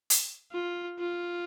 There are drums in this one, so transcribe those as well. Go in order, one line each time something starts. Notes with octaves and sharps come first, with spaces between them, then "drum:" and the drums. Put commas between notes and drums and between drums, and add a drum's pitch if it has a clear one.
drum: hi-hat
F4
F4